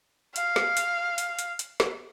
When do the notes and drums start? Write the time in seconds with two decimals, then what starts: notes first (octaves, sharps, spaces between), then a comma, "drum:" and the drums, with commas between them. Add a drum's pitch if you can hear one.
0.36 F5, drum: hi-hat
0.56 drum: snare
0.77 drum: hi-hat
1.18 drum: hi-hat
1.39 drum: hi-hat
1.59 drum: hi-hat
1.80 drum: snare